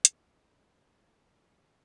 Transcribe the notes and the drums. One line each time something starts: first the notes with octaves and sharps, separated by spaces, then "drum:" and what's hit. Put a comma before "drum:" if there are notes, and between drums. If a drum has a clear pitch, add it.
C2 A3, drum: hi-hat